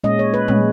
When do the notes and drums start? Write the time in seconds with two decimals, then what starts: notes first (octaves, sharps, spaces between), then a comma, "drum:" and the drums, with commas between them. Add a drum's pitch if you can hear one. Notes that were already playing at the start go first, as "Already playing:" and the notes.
0.04 A#2 G#3 C#4 D#5
0.19 C#5
0.34 B4
0.48 A#2 G#3 C#4, drum: tom